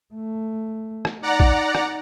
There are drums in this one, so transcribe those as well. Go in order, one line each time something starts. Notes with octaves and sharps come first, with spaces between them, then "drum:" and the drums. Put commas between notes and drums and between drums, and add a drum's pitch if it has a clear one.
A3
drum: rim click
D#4 D5 F#5 A#5
drum: kick
drum: rim click